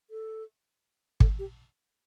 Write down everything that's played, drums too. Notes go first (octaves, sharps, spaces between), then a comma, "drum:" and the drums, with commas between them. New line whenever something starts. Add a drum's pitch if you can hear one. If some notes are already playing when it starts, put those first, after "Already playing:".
A4
A4, drum: kick
G4